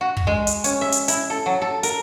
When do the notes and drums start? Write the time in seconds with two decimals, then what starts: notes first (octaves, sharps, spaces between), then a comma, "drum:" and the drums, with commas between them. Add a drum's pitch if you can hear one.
0.01 F#4
0.17 drum: kick
0.27 G#3
0.47 drum: hi-hat
0.64 C#4, drum: hi-hat
0.81 E5
0.92 drum: hi-hat
1.08 E4, drum: hi-hat
1.30 A4
1.46 F#3
1.62 A4
1.83 A#4, drum: hi-hat